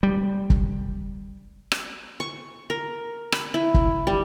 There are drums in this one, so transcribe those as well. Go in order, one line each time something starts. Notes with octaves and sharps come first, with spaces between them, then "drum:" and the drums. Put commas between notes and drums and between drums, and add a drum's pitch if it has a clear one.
G3
drum: kick
drum: rim click
C#6
A#4
B5, drum: rim click
E4
drum: kick
G3